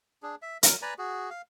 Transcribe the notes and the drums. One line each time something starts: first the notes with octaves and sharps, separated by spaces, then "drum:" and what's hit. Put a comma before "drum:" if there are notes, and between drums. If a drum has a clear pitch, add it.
D4 G#4
E5
F#3 A#4, drum: hi-hat
B4 D5 G#5 A#5
F#4 G#4
F5